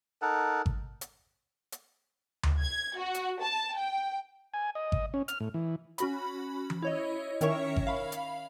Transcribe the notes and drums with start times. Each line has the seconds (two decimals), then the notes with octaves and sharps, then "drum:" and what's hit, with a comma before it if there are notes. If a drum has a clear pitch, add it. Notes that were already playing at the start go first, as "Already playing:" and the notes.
0.22 D#4 A4 A#4 F#5
0.66 drum: kick G#1
1.01 drum: hi-hat
1.72 drum: hi-hat
2.43 drum: tom D2
2.61 G#6
2.99 F#4
3.14 drum: hi-hat
3.42 A5
3.77 G5
4.54 G#5
4.75 D#5
4.92 drum: kick G#1
5.14 C#4
5.28 F6, drum: hi-hat
5.40 A2
5.54 E3
5.98 C#4 F#4 B5, drum: hi-hat
6.70 drum: tom E3
6.82 E4 C#5 D#5
7.41 D#3 C#4 A#4 C#5 E5 C#6, drum: hi-hat
7.76 drum: kick G#1
7.87 F5 B5
8.12 drum: hi-hat